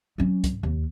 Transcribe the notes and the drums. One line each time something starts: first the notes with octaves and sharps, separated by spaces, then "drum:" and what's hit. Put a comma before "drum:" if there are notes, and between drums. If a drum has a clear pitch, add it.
F#3 C#4
drum: kick, hi-hat
D#2